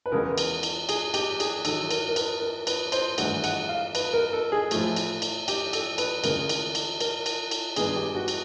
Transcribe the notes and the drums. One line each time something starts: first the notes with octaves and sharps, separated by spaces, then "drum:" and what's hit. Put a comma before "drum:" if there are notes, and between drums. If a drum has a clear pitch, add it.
B4
E2 C#3 E3 G#3 B3 A#4
drum: cymbal
drum: cymbal
G#4, drum: cymbal
G4, drum: cymbal
G#4, drum: cymbal
G#2 D#3 F#3 A4, drum: cymbal
A#4, drum: cymbal
A#4
B4, drum: cymbal
A#4
B4, drum: cymbal
C5, drum: cymbal
G#1 G2 E3 A3 F#5, drum: cymbal
F#5, drum: cymbal
F5
B4, drum: cymbal
A#4
A4
G#4
A2 F3 A3, drum: cymbal
drum: cymbal
drum: cymbal
G4, drum: cymbal
A4, drum: cymbal
B4, drum: cymbal
D2 C#3 E3 G#3 A#4, drum: cymbal
drum: cymbal
drum: cymbal
A#4, drum: cymbal
drum: cymbal
drum: cymbal
G2 D#3 G#3 B3 G#4, drum: cymbal
G4
F#4
drum: cymbal